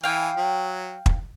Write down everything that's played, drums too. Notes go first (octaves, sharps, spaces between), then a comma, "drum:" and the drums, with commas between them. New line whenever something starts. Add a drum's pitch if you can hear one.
E3 F5 G5 G#5
F#3
drum: kick